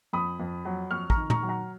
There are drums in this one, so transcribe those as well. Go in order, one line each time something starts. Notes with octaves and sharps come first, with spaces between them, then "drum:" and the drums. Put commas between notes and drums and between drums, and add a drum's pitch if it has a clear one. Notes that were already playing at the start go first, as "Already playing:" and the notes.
F2 B5 D#6
F2
F#3
F2 C#6 F6
A#5 C#6, drum: kick
D#3
A#5 C#6, drum: tom
F#3
F#5 A#5